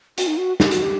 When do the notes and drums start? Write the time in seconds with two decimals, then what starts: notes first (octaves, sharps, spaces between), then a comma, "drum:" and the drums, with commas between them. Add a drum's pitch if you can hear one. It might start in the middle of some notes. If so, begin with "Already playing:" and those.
0.18 F#4, drum: hi-hat
0.27 D#4
0.37 F#4
0.60 G4, drum: snare
0.71 F#4, drum: hi-hat
0.82 G4